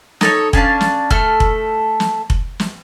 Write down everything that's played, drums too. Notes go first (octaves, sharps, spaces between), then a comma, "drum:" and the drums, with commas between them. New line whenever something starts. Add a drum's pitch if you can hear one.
D#4 A4 C#5, drum: snare
C#4 D4 F5 A5, drum: kick F1
drum: snare
A3 A4 F6, drum: kick F1
drum: kick F1
drum: snare
drum: kick F1
drum: snare